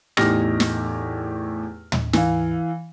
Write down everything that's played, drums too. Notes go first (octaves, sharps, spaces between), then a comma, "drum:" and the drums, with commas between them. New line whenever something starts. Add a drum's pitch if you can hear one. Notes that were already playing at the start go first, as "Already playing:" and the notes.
E2 A2 D#4 G4 F6 A#6, drum: rim click
drum: snare
drum: tom
E3 F5, drum: snare